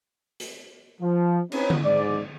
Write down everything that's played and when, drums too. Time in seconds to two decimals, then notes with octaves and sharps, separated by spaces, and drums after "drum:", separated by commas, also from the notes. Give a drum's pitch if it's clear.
0.40 drum: hi-hat
1.01 F3
1.52 C4 C#4 D#4 B4, drum: cymbal
1.70 drum: tom D3
1.84 G#2 D5